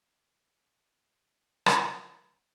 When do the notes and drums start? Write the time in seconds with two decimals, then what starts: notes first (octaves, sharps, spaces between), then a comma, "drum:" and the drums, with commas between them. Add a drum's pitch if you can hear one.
0.19 A1 D#2 G4 E6
1.66 drum: rim click